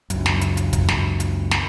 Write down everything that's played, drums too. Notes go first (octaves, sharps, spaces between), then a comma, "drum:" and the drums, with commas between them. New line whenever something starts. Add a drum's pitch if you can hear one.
C#2 F#2, drum: hi-hat
drum: snare
drum: hi-hat
drum: hi-hat
drum: kick, hi-hat
drum: snare
drum: hi-hat
drum: snare